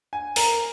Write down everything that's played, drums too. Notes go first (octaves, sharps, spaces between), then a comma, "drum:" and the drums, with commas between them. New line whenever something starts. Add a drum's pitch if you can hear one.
G#5
A#4, drum: open hi-hat